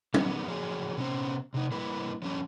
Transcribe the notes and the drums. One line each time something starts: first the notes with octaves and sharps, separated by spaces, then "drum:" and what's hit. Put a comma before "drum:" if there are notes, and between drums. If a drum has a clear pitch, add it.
D#3 G3 B3, drum: tom F#3
F3 F#3 G#4
C3 B3 C#4 C5
C3 D#4
G3 A#3 E4 B4
F3 G3 C#4 A5